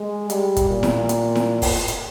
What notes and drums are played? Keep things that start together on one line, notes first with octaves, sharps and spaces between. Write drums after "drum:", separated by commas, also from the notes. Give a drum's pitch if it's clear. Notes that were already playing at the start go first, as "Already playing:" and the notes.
Already playing: G#3
G3, drum: hi-hat
drum: kick, hi-hat
A#2
drum: snare E4
drum: hi-hat
drum: snare E4
drum: kick, open hi-hat
drum: hi-hat